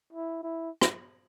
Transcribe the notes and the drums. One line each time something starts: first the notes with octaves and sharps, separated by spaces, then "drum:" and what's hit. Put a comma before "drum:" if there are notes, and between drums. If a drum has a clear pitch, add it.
E4
E4
drum: rim click